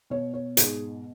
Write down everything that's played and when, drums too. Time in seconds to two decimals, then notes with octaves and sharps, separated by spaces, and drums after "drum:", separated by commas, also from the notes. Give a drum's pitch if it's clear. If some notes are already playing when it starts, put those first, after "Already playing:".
0.10 B2 C#5
0.34 C#5
0.57 G#2 G#4, drum: hi-hat